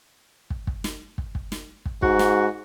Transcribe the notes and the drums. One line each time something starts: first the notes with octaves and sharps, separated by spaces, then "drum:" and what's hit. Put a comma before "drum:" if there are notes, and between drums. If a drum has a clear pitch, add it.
drum: kick
drum: kick
drum: snare
drum: kick
drum: kick
drum: snare
drum: kick
G#2 F#4, drum: kick
drum: snare